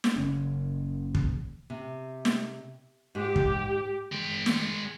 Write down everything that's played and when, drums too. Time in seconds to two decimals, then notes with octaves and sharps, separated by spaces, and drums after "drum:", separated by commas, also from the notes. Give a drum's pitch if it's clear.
0.04 drum: snare
0.16 F#1 C#3 C#4
1.15 drum: kick
1.70 C3
2.25 drum: snare
3.15 G#2 G4
3.36 drum: kick
4.12 G#3 G5
4.46 drum: snare